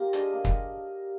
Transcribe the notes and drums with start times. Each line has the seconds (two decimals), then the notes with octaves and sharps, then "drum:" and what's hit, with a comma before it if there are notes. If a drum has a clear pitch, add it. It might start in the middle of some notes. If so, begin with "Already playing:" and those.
Already playing: A#3 F4 G4 A#4
0.13 D4 G#4 D#5, drum: hi-hat
0.33 A#3
0.45 drum: kick